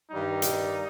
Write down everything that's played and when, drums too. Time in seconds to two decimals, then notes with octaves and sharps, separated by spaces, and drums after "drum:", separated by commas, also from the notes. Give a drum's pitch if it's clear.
0.11 G2 D#3 G3 D#4
0.42 drum: hi-hat